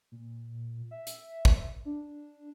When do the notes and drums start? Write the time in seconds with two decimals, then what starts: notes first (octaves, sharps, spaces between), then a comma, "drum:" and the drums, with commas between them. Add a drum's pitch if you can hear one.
0.12 A#2
0.91 E5
1.07 drum: hi-hat
1.45 drum: kick
1.85 D4